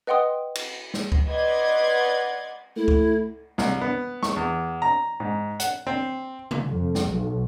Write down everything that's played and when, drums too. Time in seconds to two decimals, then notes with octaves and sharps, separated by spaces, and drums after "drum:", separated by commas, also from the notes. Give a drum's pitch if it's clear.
0.07 B4 D#5 F#5 G5 C6 D#6
0.55 drum: cymbal
0.94 drum: snare
1.12 drum: kick C#2
1.31 B4 D5 D#5 F#5 C6 G#6
2.76 A3 E4
2.88 drum: kick C#2
3.58 C2, drum: snare
3.81 B3
4.23 C#6, drum: snare
4.36 E2
4.82 A#5
5.20 G#2
5.60 F#5, drum: hi-hat
5.87 C4
6.51 drum: tom C3
6.67 F2
6.95 drum: snare
7.09 B1